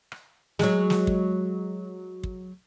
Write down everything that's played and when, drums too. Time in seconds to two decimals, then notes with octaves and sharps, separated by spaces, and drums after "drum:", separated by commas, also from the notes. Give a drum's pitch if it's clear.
0.12 drum: rim click
0.59 F#3 G#3, drum: snare
0.90 drum: snare
1.07 drum: kick
2.23 drum: kick